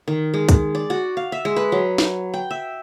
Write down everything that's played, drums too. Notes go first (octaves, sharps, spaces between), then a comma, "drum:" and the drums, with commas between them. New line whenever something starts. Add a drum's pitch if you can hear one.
D#3
G#3
drum: kick C#2, hi-hat
D5
F#4
F5
E5
G#3
B4
F#3
drum: snare
G5
E5